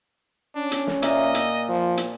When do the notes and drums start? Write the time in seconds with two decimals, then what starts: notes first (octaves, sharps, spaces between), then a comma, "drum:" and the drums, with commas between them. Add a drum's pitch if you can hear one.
0.56 C#4 D4
0.71 drum: hi-hat
0.87 drum: snare
1.02 A#2 D#5 E5 A#5, drum: hi-hat
1.34 drum: hi-hat
1.69 F3
1.97 drum: hi-hat